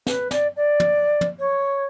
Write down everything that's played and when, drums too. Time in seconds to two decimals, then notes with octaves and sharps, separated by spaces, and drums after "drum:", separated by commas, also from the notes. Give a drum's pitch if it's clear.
0.07 B4, drum: snare
0.31 D5, drum: snare
0.56 D5
0.80 drum: tom
1.21 drum: tom
1.39 C#5